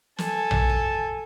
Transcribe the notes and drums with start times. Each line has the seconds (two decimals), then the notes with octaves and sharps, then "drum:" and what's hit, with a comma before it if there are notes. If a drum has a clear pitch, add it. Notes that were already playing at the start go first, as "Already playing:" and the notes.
0.18 A4 G#5, drum: snare
0.51 drum: tom A#1
0.70 drum: kick